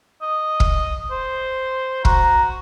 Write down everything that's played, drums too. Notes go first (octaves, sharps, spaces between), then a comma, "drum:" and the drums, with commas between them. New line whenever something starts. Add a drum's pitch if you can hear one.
D#5
drum: kick
C5
F#4 A#5, drum: kick